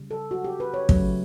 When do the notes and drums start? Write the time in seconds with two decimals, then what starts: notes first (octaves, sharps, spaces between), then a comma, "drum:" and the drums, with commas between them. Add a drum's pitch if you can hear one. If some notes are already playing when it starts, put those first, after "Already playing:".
Already playing: C#3 G3
0.11 A4
0.31 F#4
0.44 G4
0.60 B4
0.74 C#5
0.89 C#3 F#3 A3, drum: kick